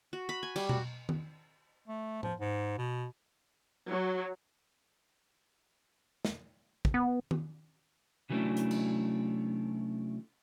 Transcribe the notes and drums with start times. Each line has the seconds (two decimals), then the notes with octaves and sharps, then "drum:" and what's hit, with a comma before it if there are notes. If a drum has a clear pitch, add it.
0.13 F#4
0.29 B5
0.43 G#5
0.56 G3, drum: cymbal
0.69 F#4, drum: tom B2
1.09 drum: tom D#3
1.88 A3
2.23 F3, drum: tom A2
2.40 G#2
2.78 B2
3.87 F#3
6.25 drum: snare
6.85 drum: kick
6.94 B3
7.31 drum: tom D#3
8.30 C3 E3 F#3 A3 C#4 D4
8.57 drum: hi-hat
8.71 drum: cymbal